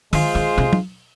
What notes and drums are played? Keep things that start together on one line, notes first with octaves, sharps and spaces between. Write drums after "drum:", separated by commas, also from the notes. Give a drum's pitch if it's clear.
D#3 G#3 F4 G#4 C5, drum: open hi-hat
D#3
C3
drum: tom